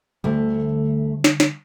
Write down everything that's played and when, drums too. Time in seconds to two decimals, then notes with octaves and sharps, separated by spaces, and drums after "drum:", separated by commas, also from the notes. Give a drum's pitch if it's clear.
0.24 D2 D3 G3 A3
1.24 drum: snare
1.40 drum: snare